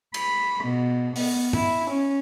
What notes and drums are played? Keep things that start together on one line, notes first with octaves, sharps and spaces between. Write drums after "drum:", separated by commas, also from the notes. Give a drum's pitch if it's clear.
B5, drum: cymbal
B2
B3, drum: open hi-hat
E4, drum: tom G2
C#4